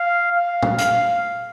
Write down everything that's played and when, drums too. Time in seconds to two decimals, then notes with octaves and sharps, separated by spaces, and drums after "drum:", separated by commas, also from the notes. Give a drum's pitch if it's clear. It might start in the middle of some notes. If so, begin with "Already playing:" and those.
Already playing: F5
0.32 F5
0.63 drum: tom
0.78 F5, drum: hi-hat